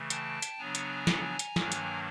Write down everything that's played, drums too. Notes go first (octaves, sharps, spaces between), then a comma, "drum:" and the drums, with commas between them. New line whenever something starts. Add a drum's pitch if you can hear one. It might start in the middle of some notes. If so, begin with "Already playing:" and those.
Already playing: C#3 E3 A3
G5 A5, drum: hi-hat
drum: hi-hat
C#3 F#3 B3 D4 G#5 A#5
drum: hi-hat
drum: snare
drum: hi-hat
G2 D#3 F#3 A#3 D4, drum: snare
drum: hi-hat